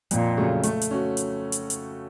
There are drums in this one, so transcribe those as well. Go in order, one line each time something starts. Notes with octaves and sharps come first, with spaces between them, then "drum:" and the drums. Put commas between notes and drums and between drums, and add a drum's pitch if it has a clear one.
F2 A#2, drum: hi-hat
C#3 F#3 A3
A3, drum: hi-hat
drum: hi-hat
C#4 F#4
drum: hi-hat
drum: hi-hat
drum: hi-hat